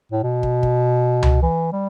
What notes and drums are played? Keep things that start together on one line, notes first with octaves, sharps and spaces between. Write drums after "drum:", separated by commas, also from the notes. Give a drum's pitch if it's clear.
A2
B2
drum: kick
drum: kick
drum: tom C#2
E3
G3